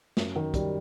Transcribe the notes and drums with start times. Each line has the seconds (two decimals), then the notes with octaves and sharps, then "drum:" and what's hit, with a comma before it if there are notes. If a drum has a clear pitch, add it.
0.17 F#2, drum: snare
0.36 D#3
0.54 G3, drum: kick, hi-hat